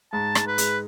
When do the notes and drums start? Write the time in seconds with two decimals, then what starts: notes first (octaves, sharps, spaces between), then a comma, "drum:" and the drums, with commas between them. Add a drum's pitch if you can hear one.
0.12 G#2 A5
0.35 G#2, drum: rim click
0.47 B4
0.58 G#3, drum: hi-hat